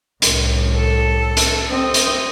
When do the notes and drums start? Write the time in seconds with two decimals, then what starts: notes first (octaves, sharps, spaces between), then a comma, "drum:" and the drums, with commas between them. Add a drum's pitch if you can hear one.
0.22 C2 A2, drum: hi-hat
0.76 A4
1.37 drum: hi-hat
1.70 C4 D#5
1.94 drum: hi-hat